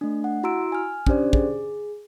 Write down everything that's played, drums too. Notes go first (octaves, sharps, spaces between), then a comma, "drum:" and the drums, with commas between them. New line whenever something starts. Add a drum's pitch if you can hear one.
A3 D4
F#5
E4 F#4 A#5 C6 E6 D7
G#5 F6
C#4 D4 G4 C5 D5, drum: kick
G#4, drum: kick